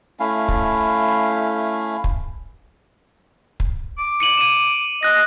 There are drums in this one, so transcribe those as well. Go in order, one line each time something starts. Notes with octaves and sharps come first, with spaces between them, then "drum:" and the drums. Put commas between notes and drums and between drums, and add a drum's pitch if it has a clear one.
A3 C#4 E4 F5
drum: kick
drum: kick
drum: kick
D6
C#7 D#7 F#7
D#7 E7
D#5 F#6 A#6